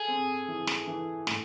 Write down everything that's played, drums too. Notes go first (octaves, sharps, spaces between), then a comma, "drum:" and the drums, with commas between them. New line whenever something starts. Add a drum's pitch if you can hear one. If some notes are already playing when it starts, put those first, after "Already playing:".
Already playing: G#4 A4
C4
E3
drum: snare
E3
A2, drum: snare